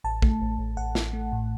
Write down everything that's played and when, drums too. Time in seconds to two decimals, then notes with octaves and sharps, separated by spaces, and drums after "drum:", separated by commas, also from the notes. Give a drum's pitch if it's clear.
0.04 A1 A5
0.22 A3, drum: kick A#1
0.41 A1
0.59 A1
0.77 A1 F#5
0.95 A1, drum: snare
1.13 A3
1.32 A2